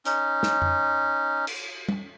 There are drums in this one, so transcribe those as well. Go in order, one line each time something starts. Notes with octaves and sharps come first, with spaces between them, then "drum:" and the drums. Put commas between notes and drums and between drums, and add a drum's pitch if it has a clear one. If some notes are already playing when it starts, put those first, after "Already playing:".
C#4 D#4, drum: hi-hat
drum: snare
drum: tom F2
drum: cymbal
drum: tom